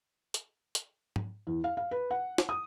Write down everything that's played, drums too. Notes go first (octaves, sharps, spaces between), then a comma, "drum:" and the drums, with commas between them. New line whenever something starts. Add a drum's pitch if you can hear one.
drum: hi-hat
drum: hi-hat
drum: tom G#2
E2
F5
F5
B4
F#5
drum: snare
D#6